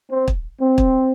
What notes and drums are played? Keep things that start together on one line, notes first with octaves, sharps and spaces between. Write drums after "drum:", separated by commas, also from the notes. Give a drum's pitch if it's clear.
C4
drum: kick
C4
drum: kick